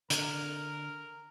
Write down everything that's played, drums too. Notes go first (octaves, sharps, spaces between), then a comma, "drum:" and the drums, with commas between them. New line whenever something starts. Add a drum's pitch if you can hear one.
D3 A#4, drum: hi-hat